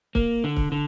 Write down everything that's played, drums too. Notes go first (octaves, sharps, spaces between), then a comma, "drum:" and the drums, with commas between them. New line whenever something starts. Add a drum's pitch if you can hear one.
A#3, drum: kick C#1
D3
drum: kick C#1
D3